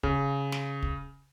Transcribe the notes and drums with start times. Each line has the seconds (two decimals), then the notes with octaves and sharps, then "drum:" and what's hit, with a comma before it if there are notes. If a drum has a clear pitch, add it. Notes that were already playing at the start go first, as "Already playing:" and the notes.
0.03 C#3, drum: kick
0.52 drum: snare
0.83 drum: kick